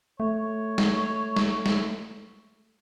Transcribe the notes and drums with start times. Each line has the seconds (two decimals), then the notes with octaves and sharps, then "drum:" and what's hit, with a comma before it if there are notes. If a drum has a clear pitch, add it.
0.20 A3 C#5
0.78 drum: snare
1.36 drum: snare
1.66 drum: snare